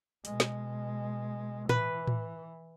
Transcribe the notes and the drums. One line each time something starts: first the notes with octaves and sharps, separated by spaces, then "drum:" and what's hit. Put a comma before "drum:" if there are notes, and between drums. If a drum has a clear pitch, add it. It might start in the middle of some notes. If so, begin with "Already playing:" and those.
B2 G#3, drum: hi-hat
drum: snare
E3 B4, drum: tom A2
drum: tom A2